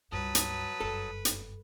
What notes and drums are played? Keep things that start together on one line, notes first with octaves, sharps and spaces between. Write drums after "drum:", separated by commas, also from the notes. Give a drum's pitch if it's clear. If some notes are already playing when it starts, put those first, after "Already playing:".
C#2 G2 F#3 B4 A5 D#6
drum: hi-hat
F#1 G2 A4
drum: hi-hat